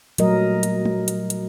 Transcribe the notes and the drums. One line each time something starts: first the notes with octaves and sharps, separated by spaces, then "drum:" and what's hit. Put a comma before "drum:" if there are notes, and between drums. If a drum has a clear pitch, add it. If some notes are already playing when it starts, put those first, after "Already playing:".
A#2 F#3 G3 A3 A#4 D#5, drum: hi-hat
drum: hi-hat
drum: tom G#3
drum: hi-hat
drum: hi-hat